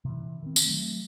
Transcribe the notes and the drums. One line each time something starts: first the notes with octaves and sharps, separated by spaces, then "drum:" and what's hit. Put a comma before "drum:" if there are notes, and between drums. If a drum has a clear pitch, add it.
C3 E3
D#3 C4
drum: tambourine
F#3 A3